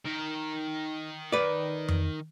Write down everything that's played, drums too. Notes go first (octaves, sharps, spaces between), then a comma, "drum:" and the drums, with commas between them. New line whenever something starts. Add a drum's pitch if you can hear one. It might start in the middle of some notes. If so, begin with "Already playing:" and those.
D#3 A#4
B4 D5
drum: tom F2